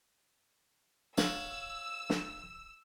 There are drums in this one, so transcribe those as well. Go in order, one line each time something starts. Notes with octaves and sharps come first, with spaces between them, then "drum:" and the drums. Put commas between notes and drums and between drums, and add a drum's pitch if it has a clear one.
C#5 F5 F#5 E6, drum: snare
drum: snare